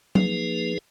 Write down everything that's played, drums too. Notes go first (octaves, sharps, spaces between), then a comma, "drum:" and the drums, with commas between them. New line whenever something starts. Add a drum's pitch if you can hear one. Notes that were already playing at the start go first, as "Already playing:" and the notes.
F3 A#3 D#4 G#4 B4, drum: tom